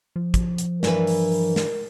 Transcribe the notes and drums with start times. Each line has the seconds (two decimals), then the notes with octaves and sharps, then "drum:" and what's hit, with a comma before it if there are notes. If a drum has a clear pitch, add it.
0.16 F3
0.34 drum: kick, hi-hat
0.58 drum: hi-hat
0.83 G2 E3 A#4 B4, drum: snare
1.07 drum: open hi-hat
1.32 drum: open hi-hat
1.56 drum: snare